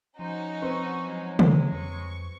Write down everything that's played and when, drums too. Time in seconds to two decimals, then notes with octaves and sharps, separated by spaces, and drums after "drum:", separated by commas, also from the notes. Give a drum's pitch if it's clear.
0.19 F3 C#4 D#4 F#4 C5
0.62 C4 B4 C5 C#6
1.07 F#3 G#3
1.39 drum: tom
1.72 F2 C#6